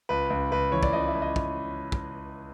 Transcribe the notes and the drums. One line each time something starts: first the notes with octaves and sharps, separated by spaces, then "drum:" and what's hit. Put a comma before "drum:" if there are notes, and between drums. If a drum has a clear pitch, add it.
C#2 B4
C#2
C#2 B4
E3 C#5
D5, drum: kick
C#2 D#5
E5
C#2
D#5
drum: kick
drum: kick